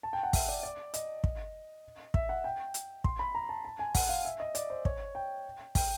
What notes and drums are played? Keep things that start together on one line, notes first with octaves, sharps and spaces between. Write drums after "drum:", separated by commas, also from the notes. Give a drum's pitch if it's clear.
A5
G5
F#5
E5, drum: kick, open hi-hat
D5
D5
D#5, drum: hi-hat
drum: kick
E5, drum: kick
F#5
G5
drum: hi-hat
C6, drum: kick
B5
A#5
A5
A5
G#5
F#5, drum: kick, open hi-hat
F5
E5
D#5
D5, drum: hi-hat
C5
C#5, drum: kick
G5
G5, drum: kick, open hi-hat